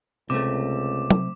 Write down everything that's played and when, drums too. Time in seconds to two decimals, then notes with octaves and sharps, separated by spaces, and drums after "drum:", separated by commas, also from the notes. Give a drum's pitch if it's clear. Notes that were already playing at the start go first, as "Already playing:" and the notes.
0.30 C#2 C3 A3 D6
1.10 drum: tom